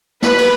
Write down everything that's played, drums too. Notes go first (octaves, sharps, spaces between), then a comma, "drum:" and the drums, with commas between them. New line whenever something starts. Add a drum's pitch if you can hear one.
B4, drum: snare
drum: cymbal